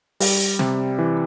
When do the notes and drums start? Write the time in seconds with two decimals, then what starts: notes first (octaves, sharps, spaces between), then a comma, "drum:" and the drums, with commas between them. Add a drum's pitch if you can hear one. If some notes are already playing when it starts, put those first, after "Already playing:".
0.20 G3, drum: open hi-hat
0.59 C3, drum: snare
0.99 E3